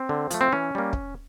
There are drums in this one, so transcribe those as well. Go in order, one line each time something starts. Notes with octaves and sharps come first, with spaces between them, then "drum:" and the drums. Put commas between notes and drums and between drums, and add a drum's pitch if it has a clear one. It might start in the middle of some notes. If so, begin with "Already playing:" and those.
Already playing: C4
D3
F3 A3, drum: hi-hat
C4
E3 C#4
G3 A#3
drum: kick